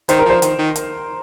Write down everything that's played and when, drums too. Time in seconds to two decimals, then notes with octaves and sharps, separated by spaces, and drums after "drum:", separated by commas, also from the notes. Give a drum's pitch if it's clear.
0.09 D#3 C5, drum: hi-hat
0.19 A#4
0.26 F3 C5
0.42 D#3, drum: hi-hat
0.59 D#3
0.76 drum: hi-hat